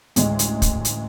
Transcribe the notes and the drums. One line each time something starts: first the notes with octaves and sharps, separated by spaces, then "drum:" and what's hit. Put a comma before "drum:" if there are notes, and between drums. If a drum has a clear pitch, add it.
A1 D2 G#3, drum: hi-hat
drum: hi-hat
drum: kick, hi-hat
drum: hi-hat